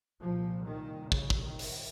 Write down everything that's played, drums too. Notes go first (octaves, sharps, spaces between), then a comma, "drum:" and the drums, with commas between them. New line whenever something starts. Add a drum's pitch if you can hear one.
C2 A#2 F3
D#3
C#3, drum: kick
drum: kick
D#3
drum: open hi-hat